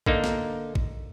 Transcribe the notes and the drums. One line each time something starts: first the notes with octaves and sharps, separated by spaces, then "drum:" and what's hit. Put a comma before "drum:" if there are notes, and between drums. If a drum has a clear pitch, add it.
D3 A#3 D#4, drum: kick
drum: snare
drum: kick